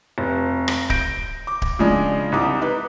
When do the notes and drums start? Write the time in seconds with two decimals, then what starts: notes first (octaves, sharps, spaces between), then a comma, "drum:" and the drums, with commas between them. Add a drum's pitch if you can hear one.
0.18 F1
0.68 drum: rim click
0.90 G6 A#6 D7, drum: kick D1
1.47 D6
1.62 drum: kick D1
1.79 C#3 F3 G#3 D4
2.32 C2 D#4 D6 D#6
2.61 D#4 B4